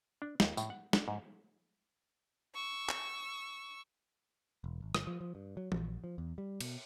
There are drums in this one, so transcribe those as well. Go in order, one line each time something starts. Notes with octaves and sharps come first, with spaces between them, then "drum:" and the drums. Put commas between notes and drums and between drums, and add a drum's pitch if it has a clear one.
D4
D#2, drum: snare
A2, drum: tambourine
F#5
D4, drum: snare
G#2
C#6 E6
drum: clap
E1
G#1
G1, drum: rim click
F3
F3
G2
F#3
A#1, drum: tom E3
F3
E2
G3
B2, drum: cymbal